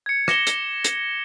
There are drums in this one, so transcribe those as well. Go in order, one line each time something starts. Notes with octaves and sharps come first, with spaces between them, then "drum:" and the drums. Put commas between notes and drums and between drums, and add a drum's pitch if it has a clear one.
G#6 C#7
D6 A#6 C#7 E7 G7, drum: rim click
drum: hi-hat
drum: hi-hat